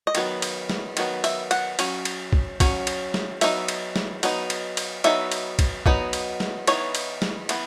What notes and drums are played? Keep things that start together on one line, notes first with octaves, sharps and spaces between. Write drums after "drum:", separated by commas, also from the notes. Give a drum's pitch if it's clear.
D#5
D#3 F#3 B3, drum: cymbal
drum: cymbal
drum: snare
D#3 F#3 B3, drum: cymbal
E5, drum: cymbal
F#5, drum: cymbal
F#3 C#4, drum: cymbal
drum: cymbal
drum: kick
F#3 C#4, drum: kick, cymbal
drum: cymbal
drum: snare
F#3 B3 D#4 E5, drum: cymbal
drum: cymbal
drum: snare
F#3 B3 D#4, drum: cymbal
drum: cymbal
drum: cymbal
F#3 B3 D#4 E5, drum: cymbal
drum: cymbal
drum: kick, cymbal
F#3 B3 D#4, drum: kick
drum: cymbal
drum: snare
E3 B3 D#4 C#5, drum: cymbal
drum: cymbal
drum: snare
E3 B3, drum: cymbal